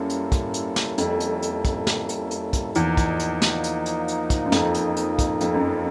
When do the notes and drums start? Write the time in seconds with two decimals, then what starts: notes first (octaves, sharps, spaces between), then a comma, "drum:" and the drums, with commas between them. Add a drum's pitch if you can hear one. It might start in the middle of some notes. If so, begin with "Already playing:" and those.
Already playing: F#2 G3 A#3 C#4 E4 A4
0.10 drum: hi-hat
0.32 drum: kick, hi-hat
0.54 drum: hi-hat
0.76 drum: snare
0.98 F2, drum: hi-hat
1.20 drum: hi-hat
1.42 drum: hi-hat
1.65 drum: kick, hi-hat
1.87 drum: snare
2.09 drum: hi-hat
2.31 drum: hi-hat
2.53 drum: kick, hi-hat
2.75 E2 F3 A#3 D#4, drum: hi-hat
2.97 drum: kick, hi-hat
3.20 drum: hi-hat
3.42 drum: snare
3.64 drum: hi-hat
3.86 drum: hi-hat
4.08 drum: hi-hat
4.30 drum: kick, hi-hat
4.46 F#2
4.52 F2, drum: snare
4.74 drum: hi-hat
4.97 drum: hi-hat
5.19 drum: kick, hi-hat
5.41 F2, drum: hi-hat
5.54 F#2